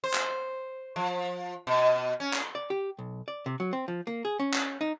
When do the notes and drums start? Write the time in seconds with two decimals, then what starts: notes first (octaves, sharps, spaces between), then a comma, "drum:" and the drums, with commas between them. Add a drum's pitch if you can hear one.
0.04 C5
0.14 drum: clap
0.96 F3
1.67 B2
2.20 C#4
2.34 drum: clap
2.55 D5
2.70 G4
2.99 B1
3.28 D5
3.46 C3
3.60 F#3
3.73 C4
3.88 F3
4.07 A#3
4.25 G#4
4.40 C#4
4.53 drum: clap
4.81 D#4